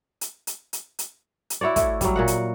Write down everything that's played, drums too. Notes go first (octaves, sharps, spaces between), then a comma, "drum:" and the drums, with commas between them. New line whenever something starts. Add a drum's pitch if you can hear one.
drum: hi-hat
drum: hi-hat
drum: hi-hat
drum: hi-hat
drum: hi-hat
E4 F#4 C#5 D5
A3, drum: kick, hi-hat
F#3 G3, drum: kick, hi-hat
A#2 F#4 F#5
drum: hi-hat